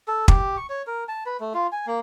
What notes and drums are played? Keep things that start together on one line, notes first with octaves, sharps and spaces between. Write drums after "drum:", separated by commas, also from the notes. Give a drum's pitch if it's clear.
A4
G4, drum: kick
C#6
C#5
A#4
A5
B4
A3
F4
G#5
A#3